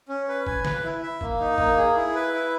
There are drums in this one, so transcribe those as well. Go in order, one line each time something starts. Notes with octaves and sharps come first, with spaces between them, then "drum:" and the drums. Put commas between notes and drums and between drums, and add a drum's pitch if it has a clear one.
C#4
B4
G#5, drum: kick
B4, drum: snare
E4
E5
A#3, drum: kick
D#4
A#3, drum: kick
G#4
E4
B4
E4